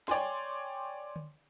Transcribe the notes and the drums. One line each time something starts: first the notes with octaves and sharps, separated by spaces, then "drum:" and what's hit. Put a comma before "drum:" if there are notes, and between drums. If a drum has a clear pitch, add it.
C#5 D5 G5 G#5 C6, drum: snare
drum: tom D3